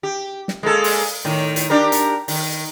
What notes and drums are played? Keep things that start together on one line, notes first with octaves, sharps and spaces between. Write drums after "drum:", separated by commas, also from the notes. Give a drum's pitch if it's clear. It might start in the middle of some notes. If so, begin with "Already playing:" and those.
G4
drum: snare
G#3 A#3 A4
drum: open hi-hat
A2 D#3
drum: hi-hat
D4 G4 A#4
drum: hi-hat
D#3, drum: open hi-hat